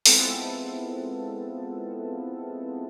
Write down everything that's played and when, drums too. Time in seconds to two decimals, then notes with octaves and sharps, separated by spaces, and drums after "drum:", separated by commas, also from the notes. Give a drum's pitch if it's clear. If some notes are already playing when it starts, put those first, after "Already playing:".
0.06 G#3 B3 C4 E4 F4 A4, drum: open hi-hat